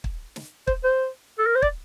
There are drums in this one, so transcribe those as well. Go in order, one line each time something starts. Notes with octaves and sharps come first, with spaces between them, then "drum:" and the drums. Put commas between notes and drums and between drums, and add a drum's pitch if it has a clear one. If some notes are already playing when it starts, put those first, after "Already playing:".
drum: kick
drum: snare
C5, drum: kick
C5
A4
A#4
C5
D5, drum: kick